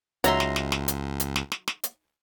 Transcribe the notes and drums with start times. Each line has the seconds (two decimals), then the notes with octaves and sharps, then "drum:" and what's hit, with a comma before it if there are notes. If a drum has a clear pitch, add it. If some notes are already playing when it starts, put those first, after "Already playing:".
0.24 C#2 F#3 D#4 E5 A#5 C6, drum: hi-hat
0.40 drum: snare
0.56 drum: snare
0.72 drum: snare
0.88 drum: hi-hat
1.20 drum: hi-hat
1.36 drum: snare
1.52 drum: snare
1.68 drum: snare
1.84 drum: hi-hat